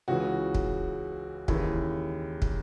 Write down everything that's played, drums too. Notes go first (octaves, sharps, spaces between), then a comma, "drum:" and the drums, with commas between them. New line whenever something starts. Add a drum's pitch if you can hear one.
C#2 C#3 E3 F#4
drum: kick
D#2 C#3 E3 E4, drum: kick
drum: kick